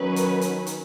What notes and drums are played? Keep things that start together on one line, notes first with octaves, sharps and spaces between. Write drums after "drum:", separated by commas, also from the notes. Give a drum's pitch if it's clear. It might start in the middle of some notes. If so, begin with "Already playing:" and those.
Already playing: D#3 F#3 C#4 B4
drum: hi-hat
drum: hi-hat
drum: hi-hat